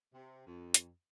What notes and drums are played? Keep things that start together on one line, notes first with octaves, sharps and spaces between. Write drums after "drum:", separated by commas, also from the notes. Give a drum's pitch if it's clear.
C3
F2
drum: hi-hat